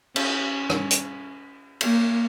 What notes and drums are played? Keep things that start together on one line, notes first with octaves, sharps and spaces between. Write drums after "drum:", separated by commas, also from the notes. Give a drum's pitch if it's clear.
C#4, drum: cymbal
drum: rim click
drum: hi-hat
A#3, drum: cymbal